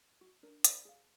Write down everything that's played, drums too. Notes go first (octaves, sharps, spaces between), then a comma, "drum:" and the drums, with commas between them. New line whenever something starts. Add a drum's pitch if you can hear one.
F#4
D4 A#4
A#4 C5 D5 F5 F#5 B5, drum: hi-hat
G#4 F5